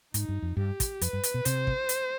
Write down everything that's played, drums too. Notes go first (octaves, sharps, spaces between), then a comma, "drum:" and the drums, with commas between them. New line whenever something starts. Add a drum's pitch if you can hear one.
G#2 D#4, drum: hi-hat
G2
F2
G2 G4
drum: kick, hi-hat
F2 B4, drum: hi-hat
G2
drum: hi-hat
B2
C3 C5, drum: hi-hat
drum: kick
drum: hi-hat